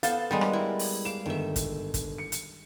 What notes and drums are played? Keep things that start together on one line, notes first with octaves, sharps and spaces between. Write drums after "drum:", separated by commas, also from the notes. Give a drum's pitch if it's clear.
B3 A4 C5 F5 A6, drum: hi-hat
G3 G#3 B3 A#4 B4
drum: rim click
E4
drum: open hi-hat
F5 D6 E7
G1 D#3 E5
drum: kick, hi-hat
drum: kick, hi-hat
C#7
drum: hi-hat